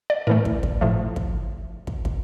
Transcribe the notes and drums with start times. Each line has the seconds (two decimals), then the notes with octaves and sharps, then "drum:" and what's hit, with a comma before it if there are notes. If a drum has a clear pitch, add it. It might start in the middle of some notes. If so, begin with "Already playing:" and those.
0.10 D5
0.27 A2 E3 A3 A#4
0.45 drum: kick
0.63 drum: kick
0.81 A2 F3 A3
1.16 drum: kick
1.87 drum: kick
2.05 drum: kick